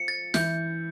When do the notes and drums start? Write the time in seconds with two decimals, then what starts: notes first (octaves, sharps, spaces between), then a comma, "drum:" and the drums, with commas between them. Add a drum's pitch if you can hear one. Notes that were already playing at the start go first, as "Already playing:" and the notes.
Already playing: F3 C#7
0.08 A6
0.34 E3 E4 G6, drum: snare